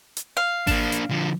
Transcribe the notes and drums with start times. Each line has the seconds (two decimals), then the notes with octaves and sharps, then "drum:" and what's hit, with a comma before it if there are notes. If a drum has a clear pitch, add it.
0.17 drum: hi-hat
0.37 F5
0.67 A#3 D4, drum: kick G#1, open hi-hat
0.92 drum: hi-hat
1.10 D3 F3